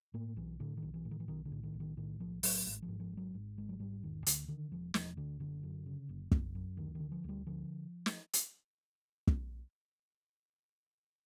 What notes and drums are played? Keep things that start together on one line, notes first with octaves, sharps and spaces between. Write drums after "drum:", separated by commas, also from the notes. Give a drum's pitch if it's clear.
A2 A#3
B1 E3
A2 D3
D#3
B1
E3
A2
D#3
E3
B1 D#3
D3
A2
D#3
B1
D#3
A2 D#3
B1 F3
A2 F#3, drum: open hi-hat
G#1
F3
G#2
F3
G#1
F#3
G#2
G#1 G#3
F#3
G#2 G3
E1 D#3
D2 D3, drum: hi-hat
D3 D#3
E1 F3
E1 F3, drum: snare
D2 D3
F#1 D3
F#2
C#3
F#1
F#1, drum: kick
F#2
D2 D#3
D3 D#3
F3
D2 G3
D3 F3
drum: snare
drum: hi-hat
drum: kick